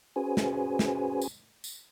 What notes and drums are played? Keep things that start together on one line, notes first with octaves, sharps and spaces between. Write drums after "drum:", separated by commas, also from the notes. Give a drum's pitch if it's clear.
C#4 F#4 G#4 B4 C5 G#5
drum: snare
drum: snare
drum: tambourine
drum: tambourine